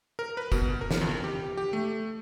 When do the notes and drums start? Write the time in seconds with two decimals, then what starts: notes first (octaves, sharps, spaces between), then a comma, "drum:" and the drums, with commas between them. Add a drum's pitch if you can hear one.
0.19 A#4
0.37 B4
0.52 B2, drum: kick, tambourine
0.81 A#4
0.91 drum: snare
1.01 F2
1.24 G4
1.57 G4
1.73 A3